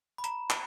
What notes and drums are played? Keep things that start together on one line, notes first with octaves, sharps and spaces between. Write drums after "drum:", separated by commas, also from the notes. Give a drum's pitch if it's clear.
B5
A#5, drum: hi-hat
A5, drum: clap